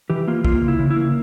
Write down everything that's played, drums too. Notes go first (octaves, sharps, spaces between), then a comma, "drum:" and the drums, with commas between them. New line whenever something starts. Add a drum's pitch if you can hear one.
E3 G4
A#3 F4
A#3 F4, drum: kick
C#3
E4
C#3
E4
A#3